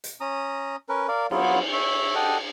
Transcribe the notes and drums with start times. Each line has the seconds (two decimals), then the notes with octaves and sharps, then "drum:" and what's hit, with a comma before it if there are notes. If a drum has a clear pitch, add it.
0.04 drum: hi-hat
0.20 C#4 A#5 D#6
0.89 C#4 A#4 B4
1.08 A#4 D5 F5
1.31 F#3 B3 F4, drum: cymbal
1.73 C#5 E5
2.15 G4 A4 D#5 F#5